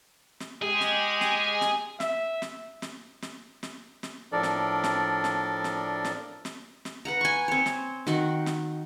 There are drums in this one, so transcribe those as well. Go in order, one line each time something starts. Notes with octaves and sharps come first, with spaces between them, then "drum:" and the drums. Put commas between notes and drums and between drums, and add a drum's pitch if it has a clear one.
drum: snare
G#3 G4 G#4
drum: snare
drum: snare
drum: snare
E5, drum: snare
drum: snare
drum: snare
drum: snare
drum: snare
drum: snare
A2 F3 D4 A4 A#4 D5
drum: snare
drum: snare
drum: snare
drum: snare
drum: snare
drum: snare
drum: snare
B4 F#5 A#5
G#5 C#6
C4 C#5
drum: snare
D#3 F#4, drum: snare
drum: snare